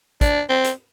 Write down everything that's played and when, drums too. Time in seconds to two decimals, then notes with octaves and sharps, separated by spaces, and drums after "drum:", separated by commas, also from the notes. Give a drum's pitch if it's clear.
0.21 D4, drum: kick, hi-hat
0.50 C4
0.64 drum: hi-hat